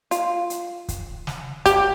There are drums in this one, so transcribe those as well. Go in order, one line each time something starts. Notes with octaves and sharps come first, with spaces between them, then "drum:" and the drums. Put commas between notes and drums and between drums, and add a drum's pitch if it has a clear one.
F4, drum: hi-hat
drum: hi-hat
drum: kick, hi-hat
drum: snare
G4, drum: kick, hi-hat